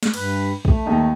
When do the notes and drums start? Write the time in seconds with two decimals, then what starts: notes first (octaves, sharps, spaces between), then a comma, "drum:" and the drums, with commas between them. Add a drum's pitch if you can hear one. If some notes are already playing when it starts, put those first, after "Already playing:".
0.03 drum: snare
0.14 G2 B4, drum: cymbal
0.65 A3, drum: kick
0.86 D#2 D#4